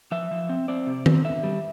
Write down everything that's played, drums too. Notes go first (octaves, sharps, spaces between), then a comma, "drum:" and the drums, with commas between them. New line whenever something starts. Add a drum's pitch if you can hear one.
F3 E5
F3
C4
C4 D5
C3
C4, drum: tom D#3
D3 E5
G3